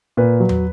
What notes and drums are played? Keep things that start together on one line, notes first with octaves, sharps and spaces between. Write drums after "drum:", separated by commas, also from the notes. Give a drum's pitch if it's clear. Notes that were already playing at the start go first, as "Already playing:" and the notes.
A#2 B4
F#3
drum: tom E2